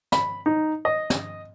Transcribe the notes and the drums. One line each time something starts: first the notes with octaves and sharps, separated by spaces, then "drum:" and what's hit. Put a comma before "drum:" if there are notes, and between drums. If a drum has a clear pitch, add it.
B5, drum: snare
D#4
D#5
drum: snare